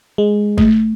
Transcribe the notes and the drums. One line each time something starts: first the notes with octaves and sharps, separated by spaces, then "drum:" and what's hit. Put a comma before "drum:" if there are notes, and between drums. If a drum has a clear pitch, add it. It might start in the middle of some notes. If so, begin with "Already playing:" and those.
G#3
A3, drum: kick G#1